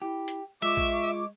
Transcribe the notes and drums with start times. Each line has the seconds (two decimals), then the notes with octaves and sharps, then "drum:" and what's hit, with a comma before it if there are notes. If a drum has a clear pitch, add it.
0.02 E4 G4
0.28 drum: hi-hat
0.62 G#3 F4 E5 C#6 D6
0.77 drum: kick A#1